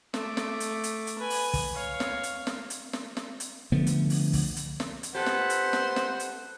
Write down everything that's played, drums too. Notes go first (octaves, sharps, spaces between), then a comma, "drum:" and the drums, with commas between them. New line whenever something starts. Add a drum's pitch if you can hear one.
A3 D6, drum: snare
drum: snare
drum: hi-hat
drum: hi-hat
drum: hi-hat
B4 G#5
drum: open hi-hat
drum: kick, open hi-hat
C#5 F5
drum: snare
drum: hi-hat
drum: snare
drum: hi-hat
drum: snare
drum: snare
drum: hi-hat
D3 F3 A3 B3
drum: hi-hat
drum: open hi-hat
drum: kick, open hi-hat
drum: hi-hat
drum: snare
drum: hi-hat
G4 A4 B4 C5 F#5
drum: snare
drum: hi-hat
drum: snare
drum: snare
drum: hi-hat